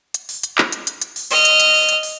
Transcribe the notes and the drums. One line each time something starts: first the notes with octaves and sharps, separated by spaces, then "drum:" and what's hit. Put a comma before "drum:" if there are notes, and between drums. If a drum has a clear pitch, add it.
drum: hi-hat
drum: open hi-hat
drum: hi-hat
drum: clap
drum: hi-hat
drum: hi-hat
drum: hi-hat
drum: open hi-hat
D#5 F6, drum: open hi-hat
drum: hi-hat
drum: hi-hat
drum: open hi-hat
drum: hi-hat
drum: open hi-hat